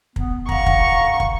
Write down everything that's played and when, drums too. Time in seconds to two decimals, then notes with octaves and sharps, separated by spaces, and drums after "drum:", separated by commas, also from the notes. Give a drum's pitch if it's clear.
0.16 B3, drum: kick
0.49 F5 F#5 A#5 C#6, drum: kick
0.66 drum: kick
1.20 drum: kick